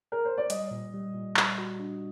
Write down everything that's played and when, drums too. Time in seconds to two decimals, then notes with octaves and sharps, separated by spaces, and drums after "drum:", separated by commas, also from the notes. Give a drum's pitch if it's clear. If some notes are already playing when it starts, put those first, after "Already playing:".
0.12 A#4
0.25 C5
0.38 D5
0.50 G3 D#5, drum: hi-hat
0.71 A#2
0.94 G3
1.14 A#2
1.37 G3, drum: clap
1.58 F#4
1.80 D4